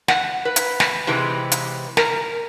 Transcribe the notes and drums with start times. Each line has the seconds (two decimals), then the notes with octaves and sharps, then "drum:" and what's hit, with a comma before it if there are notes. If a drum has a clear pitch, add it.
0.08 F#5, drum: snare
0.45 B4
0.56 drum: hi-hat
0.80 drum: snare
1.07 C3 E3 G#3
1.52 drum: hi-hat
1.97 A#4, drum: snare